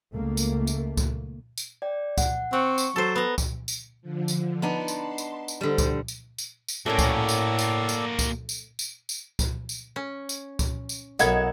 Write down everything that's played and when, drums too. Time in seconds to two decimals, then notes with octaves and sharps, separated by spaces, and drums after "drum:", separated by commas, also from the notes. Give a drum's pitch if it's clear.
0.13 C#2 A3 A#3
0.37 drum: tambourine
0.67 drum: tambourine
0.97 drum: kick C#2, tambourine
1.58 drum: tambourine
1.82 D5 G5
2.18 F#5, drum: kick C#2, tambourine
2.53 C4 F#5 C#6
2.78 drum: tambourine
2.96 F#3 A4 C5
3.16 B3 A#5
3.38 drum: kick C#2, tambourine
3.68 drum: tambourine
4.02 D3 F3
4.28 drum: tambourine
4.62 B3 D4 D#4 A5 B5 C6
4.88 drum: tambourine
5.18 drum: tambourine
5.48 drum: tambourine
5.61 D3 G3 C5
5.78 drum: kick C#2, tambourine
6.08 drum: tambourine
6.38 drum: tambourine
6.68 drum: tambourine
6.86 A2 A3 A#3 C#4 F#4 A4 A#4 D5
6.99 drum: kick C#2, tambourine
7.29 drum: tambourine
7.59 drum: tambourine
7.89 drum: tambourine
8.19 drum: kick C#2, tambourine
8.49 drum: tambourine
8.79 drum: tambourine
9.09 drum: tambourine
9.39 drum: kick C#2, tambourine
9.69 drum: tambourine
9.96 C#4
10.29 drum: tambourine
10.59 drum: kick C#2, tambourine
10.89 drum: tambourine
11.19 B1 F#3 A#3 E4 A4 D#5 F#5 G#6, drum: tambourine